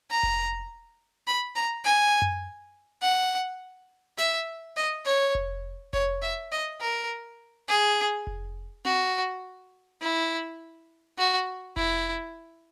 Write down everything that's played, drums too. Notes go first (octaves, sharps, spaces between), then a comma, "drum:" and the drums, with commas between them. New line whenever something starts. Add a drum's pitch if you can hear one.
A#5
drum: kick F1
B5
A#5
G#5
drum: tom F#2
F#5
E5, drum: snare
D#5
C#5
drum: kick F1
C#5, drum: kick F1
E5
D#5
A#4
G#4
drum: kick F1
F#4, drum: tom C4
E4
F#4
E4, drum: kick F1